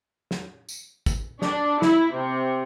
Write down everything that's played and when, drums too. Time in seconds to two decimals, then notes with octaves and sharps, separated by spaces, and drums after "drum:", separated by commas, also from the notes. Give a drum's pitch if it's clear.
0.31 drum: snare
0.69 drum: tambourine
1.06 drum: kick, tambourine
1.42 D4, drum: snare
1.82 E4, drum: snare
2.14 C3